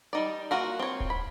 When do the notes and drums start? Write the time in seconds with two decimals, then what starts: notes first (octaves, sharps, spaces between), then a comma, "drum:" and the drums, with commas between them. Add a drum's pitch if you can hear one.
0.13 G3 D#4 D5
0.51 A#3 F4 F#4 A#4
0.79 C4 C#5
1.00 drum: kick D1
1.10 B5